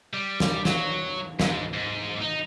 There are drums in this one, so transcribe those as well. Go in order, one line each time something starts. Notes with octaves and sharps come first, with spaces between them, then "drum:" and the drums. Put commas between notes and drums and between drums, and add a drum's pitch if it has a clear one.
G3
drum: snare
F#3, drum: snare
G#2, drum: snare
G#2
D#4